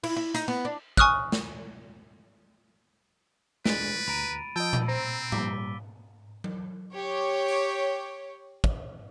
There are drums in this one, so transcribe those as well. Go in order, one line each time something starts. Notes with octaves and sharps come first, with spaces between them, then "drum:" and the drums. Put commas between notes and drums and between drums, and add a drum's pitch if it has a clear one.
E4, drum: cymbal
E4
D#4, drum: hi-hat
B3
D4
G#5 C#6 D#6 F6 F#6, drum: kick
drum: snare
G#3 D4 B4 A6 D7, drum: snare
D2 A#5 B5 D7 D#7
F3 D#5 G5 A5 E6
drum: tom A#2
C4 C5 A#5
A#2 G3 D6 B6 G7, drum: tom G#2
drum: tom F#3
G4 C#5
drum: open hi-hat
drum: kick